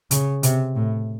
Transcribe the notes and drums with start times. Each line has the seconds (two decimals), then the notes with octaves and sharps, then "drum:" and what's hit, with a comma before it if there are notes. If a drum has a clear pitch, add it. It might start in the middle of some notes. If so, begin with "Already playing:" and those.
0.11 C#3, drum: hi-hat
0.43 C3, drum: hi-hat
0.76 A2